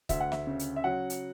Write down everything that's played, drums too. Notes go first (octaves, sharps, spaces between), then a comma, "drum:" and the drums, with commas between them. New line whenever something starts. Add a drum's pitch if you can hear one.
D2 E5, drum: kick C#1, hi-hat
F#5
E5, drum: snare
C#3
drum: hi-hat
E5
F#3 F#5
drum: hi-hat